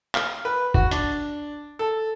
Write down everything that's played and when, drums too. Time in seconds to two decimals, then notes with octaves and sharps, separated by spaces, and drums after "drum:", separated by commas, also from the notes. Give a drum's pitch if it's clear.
0.15 F5, drum: clap
0.45 B4
0.74 F#4, drum: kick
0.91 D4, drum: hi-hat
1.79 A4